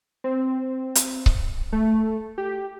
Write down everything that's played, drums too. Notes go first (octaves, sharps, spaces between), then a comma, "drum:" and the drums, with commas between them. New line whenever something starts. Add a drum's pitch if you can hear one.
C4
drum: hi-hat
drum: kick C#1
A3
G4